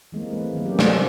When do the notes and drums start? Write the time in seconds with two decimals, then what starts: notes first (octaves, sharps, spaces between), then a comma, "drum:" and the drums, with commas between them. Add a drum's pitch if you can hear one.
0.12 E3 G#3 A#3 C4
0.33 G#3 A3 B4
0.53 D#3 F#3 A#3
0.66 C#4 G4
0.79 C3 A4 C5, drum: snare
0.94 F3 A3 B3